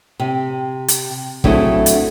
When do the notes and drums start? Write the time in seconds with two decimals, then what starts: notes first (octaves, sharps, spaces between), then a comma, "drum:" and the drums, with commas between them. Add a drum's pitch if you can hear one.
0.20 C3
0.88 drum: hi-hat
1.44 F#3 A3 C4 D4 E4 G#4, drum: kick
1.86 drum: hi-hat